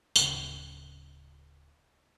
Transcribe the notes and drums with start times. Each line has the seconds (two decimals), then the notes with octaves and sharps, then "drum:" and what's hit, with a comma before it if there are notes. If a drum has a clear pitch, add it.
0.16 D1 C#3, drum: tambourine